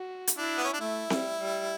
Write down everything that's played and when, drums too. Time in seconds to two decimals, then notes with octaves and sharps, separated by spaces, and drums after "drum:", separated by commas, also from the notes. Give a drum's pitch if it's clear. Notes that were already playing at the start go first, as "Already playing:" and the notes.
Already playing: F#4
0.27 drum: hi-hat
0.38 D4 E4
0.57 B3
0.64 C#4
0.73 D4
0.81 A3 E4
1.10 G3, drum: snare C4
1.39 G3